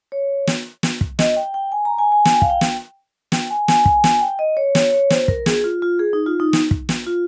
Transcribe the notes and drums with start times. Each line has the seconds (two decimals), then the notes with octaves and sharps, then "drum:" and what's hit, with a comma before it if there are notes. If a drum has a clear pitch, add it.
0.12 C#5
0.47 drum: snare
0.83 drum: snare
1.01 drum: kick
1.19 D#5, drum: snare
1.37 G5
1.54 G5
1.72 G#5
1.85 A#5
1.98 G#5
2.12 G#5
2.25 G#5, drum: snare
2.33 G5
2.42 F5, drum: kick
2.50 G5
2.61 drum: snare
3.32 G5, drum: snare
3.50 G#5
3.68 G#5, drum: snare
3.85 G#5, drum: kick
4.04 G#5, drum: snare
4.21 G5
4.39 D#5
4.57 C#5
4.75 C#5, drum: snare
4.93 C#5
5.10 C5, drum: snare
5.28 A#4, drum: kick
5.46 G#4, drum: snare
5.64 F4
5.82 F4
5.99 G#4
6.13 D#4
6.26 F4
6.40 D#4
6.53 drum: snare
6.71 drum: kick
6.89 drum: snare
7.07 F4